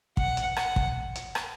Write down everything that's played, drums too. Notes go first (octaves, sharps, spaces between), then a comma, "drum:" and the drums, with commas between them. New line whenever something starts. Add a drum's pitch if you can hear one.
F#5, drum: kick
drum: hi-hat
F#5, drum: rim click
drum: kick
drum: hi-hat
drum: rim click